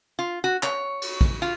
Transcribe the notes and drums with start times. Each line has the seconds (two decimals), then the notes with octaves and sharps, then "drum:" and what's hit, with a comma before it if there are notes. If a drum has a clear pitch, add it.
0.19 F4
0.44 F#4
0.63 C#5, drum: clap
1.01 drum: cymbal
1.21 drum: kick
1.42 F4